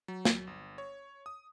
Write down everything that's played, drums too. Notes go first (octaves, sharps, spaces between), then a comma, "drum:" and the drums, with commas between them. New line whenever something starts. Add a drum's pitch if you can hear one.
F#3
drum: snare
G1
C#5
D#6